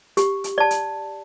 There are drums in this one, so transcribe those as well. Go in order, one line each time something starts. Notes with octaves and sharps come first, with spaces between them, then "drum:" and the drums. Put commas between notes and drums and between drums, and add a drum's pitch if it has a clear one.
G4, drum: hi-hat
drum: hi-hat
D5 A5
drum: hi-hat